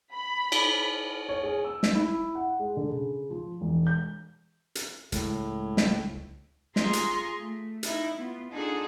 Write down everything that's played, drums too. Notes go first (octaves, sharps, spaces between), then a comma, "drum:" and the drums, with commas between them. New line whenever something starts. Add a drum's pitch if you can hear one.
B5
drum: cymbal
C#5
G#4
E6
drum: snare
E4
F#5
G#3
D3
C#3
F3
E1
G6
drum: hi-hat
C#2 A2 G#3, drum: hi-hat
drum: snare
F4 G#4 A#5 C6 C#6, drum: snare
drum: hi-hat
A3
D#4 E4, drum: hi-hat
B3 F4
D4 D#4 F4 G#4 A4 F#5